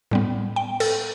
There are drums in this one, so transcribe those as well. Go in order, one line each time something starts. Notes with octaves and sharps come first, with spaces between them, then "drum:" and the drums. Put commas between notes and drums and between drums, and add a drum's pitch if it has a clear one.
A2 G3 B3
G5
A4, drum: cymbal